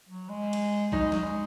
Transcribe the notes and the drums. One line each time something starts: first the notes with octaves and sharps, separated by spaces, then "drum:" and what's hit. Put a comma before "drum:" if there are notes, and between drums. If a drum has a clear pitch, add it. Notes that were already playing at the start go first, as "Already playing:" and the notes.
F#3
G#3
drum: cymbal
F#3 D#4, drum: kick A#1
G#3
F#3, drum: snare
G#3